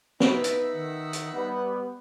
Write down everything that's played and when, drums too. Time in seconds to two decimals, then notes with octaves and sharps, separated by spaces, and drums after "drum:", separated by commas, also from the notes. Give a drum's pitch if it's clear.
0.20 B3 D#4 B4 E5 E6, drum: snare
0.44 drum: hi-hat
0.73 D#3 F#5
1.13 drum: hi-hat
1.34 G3 B3